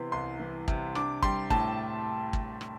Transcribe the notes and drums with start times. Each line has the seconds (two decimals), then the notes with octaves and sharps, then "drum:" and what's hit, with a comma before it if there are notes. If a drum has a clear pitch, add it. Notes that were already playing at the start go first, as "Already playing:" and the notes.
Already playing: C3 E3 B3 C6
0.12 C2 C6
0.40 E3
0.68 C3, drum: kick
0.95 D4 D6, drum: rim click
1.23 G3 C6, drum: kick
1.50 A2 A5, drum: kick
2.33 drum: kick
2.61 drum: rim click